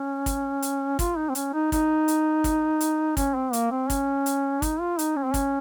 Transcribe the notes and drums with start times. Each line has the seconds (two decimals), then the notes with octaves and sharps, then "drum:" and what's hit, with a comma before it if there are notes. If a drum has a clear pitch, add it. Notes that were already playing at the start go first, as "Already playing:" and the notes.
Already playing: C#4
0.26 drum: kick, hi-hat
0.62 drum: hi-hat
0.99 F4, drum: kick, hi-hat
1.17 D#4
1.29 C4
1.35 C#4, drum: hi-hat
1.53 D#4
1.72 D#4, drum: kick, hi-hat
2.08 drum: hi-hat
2.44 drum: kick, hi-hat
2.81 drum: hi-hat
3.17 C#4, drum: kick, hi-hat
3.35 C4
3.53 A#3, drum: hi-hat
3.71 C4
3.90 C#4, drum: kick, hi-hat
4.26 drum: hi-hat
4.62 D#4, drum: kick, hi-hat
4.80 F4
4.99 D#4, drum: hi-hat
5.16 C#4
5.25 C4
5.34 C#4, drum: kick, hi-hat